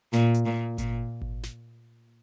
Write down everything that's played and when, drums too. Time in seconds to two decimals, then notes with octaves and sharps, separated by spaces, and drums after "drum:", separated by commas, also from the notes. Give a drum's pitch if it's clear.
0.13 A#2, drum: snare
0.34 drum: hi-hat
0.46 A#2
0.78 A#2, drum: kick G#1, hi-hat
1.22 drum: kick G#1
1.43 drum: snare